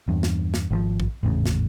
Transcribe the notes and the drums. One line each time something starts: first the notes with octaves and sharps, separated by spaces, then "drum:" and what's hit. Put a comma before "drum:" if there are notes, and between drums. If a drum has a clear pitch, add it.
E2 G2
drum: snare
drum: snare
G#1 C#3 F3
drum: kick
G#1 E2 A2 C#3
drum: snare